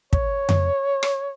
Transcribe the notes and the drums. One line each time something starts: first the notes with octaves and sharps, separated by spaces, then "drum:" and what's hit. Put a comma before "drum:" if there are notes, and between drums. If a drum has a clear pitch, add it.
C#5, drum: kick
drum: tom F2
drum: rim click